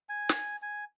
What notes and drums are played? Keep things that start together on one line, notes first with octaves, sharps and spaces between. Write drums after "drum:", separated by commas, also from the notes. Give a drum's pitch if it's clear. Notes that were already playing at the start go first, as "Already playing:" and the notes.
G#5
drum: snare
G#5